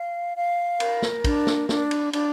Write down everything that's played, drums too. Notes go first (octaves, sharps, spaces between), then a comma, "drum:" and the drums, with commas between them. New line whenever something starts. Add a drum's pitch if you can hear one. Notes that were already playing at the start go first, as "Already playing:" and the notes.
Already playing: F5
F5
A#4, drum: cymbal
drum: snare
D4, drum: kick, cymbal
drum: snare
D4, drum: snare
drum: cymbal
D4, drum: cymbal